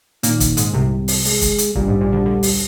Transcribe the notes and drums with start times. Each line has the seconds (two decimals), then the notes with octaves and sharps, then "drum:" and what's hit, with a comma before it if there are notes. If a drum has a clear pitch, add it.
0.23 A#2 D#3 A#3, drum: hi-hat
0.40 drum: kick, hi-hat
0.57 G#2 G#3, drum: hi-hat
0.73 C2 C3 G3
1.08 drum: open hi-hat
1.25 G#3, drum: open hi-hat
1.41 drum: kick, hi-hat
1.58 drum: hi-hat
1.75 A#1 A#2 G3, drum: kick
1.88 G#2
2.01 A#1 A#2
2.13 D2 D3
2.26 D2 D3
2.43 drum: open hi-hat